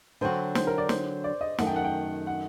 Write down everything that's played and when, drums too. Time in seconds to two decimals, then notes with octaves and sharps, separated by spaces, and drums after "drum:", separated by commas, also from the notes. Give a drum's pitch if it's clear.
0.21 D3 F#3 C4 F#4 C5
0.55 C5, drum: snare
0.67 A#4
0.78 D5
0.89 C5, drum: snare
1.24 D5
1.41 D#5
1.58 F#2 D#3 A3 F#5, drum: snare
1.67 G5
1.76 F#5
1.84 G5
2.27 F#5